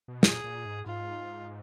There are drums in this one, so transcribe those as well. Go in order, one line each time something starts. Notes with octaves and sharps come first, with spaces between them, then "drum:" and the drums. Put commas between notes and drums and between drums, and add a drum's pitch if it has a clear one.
B2
A#2 G#4, drum: snare
A#2
G#2
G#2 F4